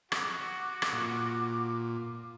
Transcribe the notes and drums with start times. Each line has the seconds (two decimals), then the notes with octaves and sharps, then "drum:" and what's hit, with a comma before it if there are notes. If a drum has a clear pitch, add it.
0.12 F#4 D6, drum: rim click
0.82 drum: rim click
0.92 A#2 F4